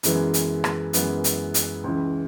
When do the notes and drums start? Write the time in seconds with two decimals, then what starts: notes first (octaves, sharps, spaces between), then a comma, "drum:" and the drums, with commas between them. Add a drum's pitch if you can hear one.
0.03 F#2 E3 G#3 B3, drum: hi-hat
0.34 drum: hi-hat
0.64 drum: rim click
0.93 F#2 E3 G#3 B3, drum: hi-hat
1.24 drum: hi-hat
1.54 drum: hi-hat
1.84 C#2 C#3 E3